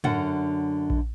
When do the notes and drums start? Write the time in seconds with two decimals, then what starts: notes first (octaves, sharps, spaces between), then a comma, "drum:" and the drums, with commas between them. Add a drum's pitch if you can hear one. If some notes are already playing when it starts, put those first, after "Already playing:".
0.04 F#2 D3 F#5, drum: tom
0.90 drum: kick A#1